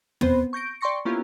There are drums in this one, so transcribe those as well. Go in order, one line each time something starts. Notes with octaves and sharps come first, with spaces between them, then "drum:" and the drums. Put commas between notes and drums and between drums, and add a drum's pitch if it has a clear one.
B3 C4 C5, drum: tom
C#6 G6 A#6 D7
D5 G5 C6 C#6 A#6 C#7
A#3 B3 C#4 E4 F4 G4